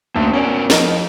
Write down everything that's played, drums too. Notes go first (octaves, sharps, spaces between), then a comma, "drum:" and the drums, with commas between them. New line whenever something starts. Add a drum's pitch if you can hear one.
D2 A#3 C#4 C5
B3 C#4 A#4 D5
F2 D#4 A#4, drum: snare